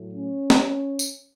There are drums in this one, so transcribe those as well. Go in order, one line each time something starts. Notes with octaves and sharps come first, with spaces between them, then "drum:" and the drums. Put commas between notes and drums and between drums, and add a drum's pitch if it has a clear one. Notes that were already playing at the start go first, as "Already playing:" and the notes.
Already playing: A2 F#3 A3
C#4
drum: snare
drum: tambourine